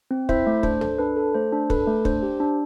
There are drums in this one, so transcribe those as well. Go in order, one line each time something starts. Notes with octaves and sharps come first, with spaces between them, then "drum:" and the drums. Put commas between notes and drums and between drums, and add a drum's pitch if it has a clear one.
C4
E4 C5 E5, drum: kick
A3
D4 C5, drum: kick
A4, drum: tom
D4 B4
A4
A3 C5
D4
A4 B4, drum: kick
A3
D4 C5, drum: kick
G4
D4